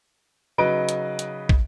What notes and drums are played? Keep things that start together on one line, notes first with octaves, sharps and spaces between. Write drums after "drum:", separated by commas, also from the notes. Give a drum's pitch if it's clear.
C#3 F#3 D#4 B4 D#5 D7
drum: hi-hat
drum: hi-hat
drum: kick